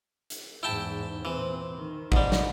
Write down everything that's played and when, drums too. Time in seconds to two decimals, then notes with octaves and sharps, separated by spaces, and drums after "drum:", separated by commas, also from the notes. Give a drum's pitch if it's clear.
0.30 drum: hi-hat
0.63 E2 G#2 E4 G5 A5
1.25 A#2 E3 C4
1.75 D#3
2.12 G#2 G3, drum: kick A1
2.32 drum: snare